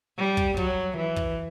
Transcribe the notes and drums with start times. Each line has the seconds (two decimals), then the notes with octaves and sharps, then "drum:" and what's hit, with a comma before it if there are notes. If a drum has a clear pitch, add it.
0.18 G3
0.37 drum: kick
0.57 F#3, drum: kick
0.97 E3
1.16 drum: kick